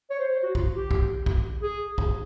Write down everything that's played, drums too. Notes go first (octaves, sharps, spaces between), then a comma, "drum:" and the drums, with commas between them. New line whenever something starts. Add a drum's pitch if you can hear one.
C#5
C5
C5
F#4
F4, drum: kick
G4
drum: kick
drum: kick
G#4
drum: kick